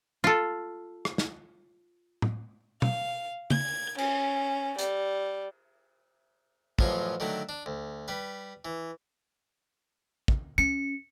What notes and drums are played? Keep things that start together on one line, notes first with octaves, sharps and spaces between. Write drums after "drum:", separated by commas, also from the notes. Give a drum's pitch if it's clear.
F4 A4
drum: rim click
drum: snare
drum: tom A2
F5, drum: tom
G#6, drum: tom
C#4, drum: cymbal
G3, drum: hi-hat
A1 F#2 F3 F#3 F4 C#6, drum: kick
D3 D#3 F#3 A3
D4
D2
G3 B4
E3
drum: kick
C#4 C#7